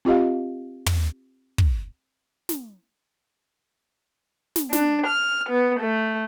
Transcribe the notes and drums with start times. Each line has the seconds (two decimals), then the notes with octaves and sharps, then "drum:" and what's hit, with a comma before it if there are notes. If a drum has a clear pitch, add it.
0.05 C4 F4 G4 D#5 F5
0.86 drum: tom
1.58 drum: kick
2.49 drum: snare
4.56 drum: snare
4.73 D4, drum: snare
5.07 F6
5.49 B3
5.80 A3